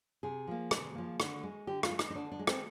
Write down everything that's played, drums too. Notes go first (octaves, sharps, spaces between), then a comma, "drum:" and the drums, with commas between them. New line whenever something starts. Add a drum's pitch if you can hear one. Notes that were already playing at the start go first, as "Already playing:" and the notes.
C3 G#4
F3 A#3
C3, drum: rim click
F3 A#3
D3, drum: rim click
G#3
D3 G4
F4, drum: rim click
G#3
D#4, drum: rim click
D#4
D3 D4
D4
G#3
C4, drum: rim click